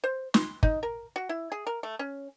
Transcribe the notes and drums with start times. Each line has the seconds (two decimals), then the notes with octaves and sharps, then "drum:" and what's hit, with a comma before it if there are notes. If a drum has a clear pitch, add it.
0.04 C5
0.34 C6, drum: snare
0.63 D#4, drum: kick
0.83 A#4
1.16 F#4
1.29 E4
1.52 G#4
1.67 A#4
1.83 A3
1.99 C#4